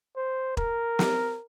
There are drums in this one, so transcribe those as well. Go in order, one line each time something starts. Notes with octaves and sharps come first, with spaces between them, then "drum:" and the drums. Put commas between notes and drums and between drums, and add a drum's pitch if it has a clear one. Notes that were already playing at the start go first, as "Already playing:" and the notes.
C5
A#4, drum: kick E1
drum: snare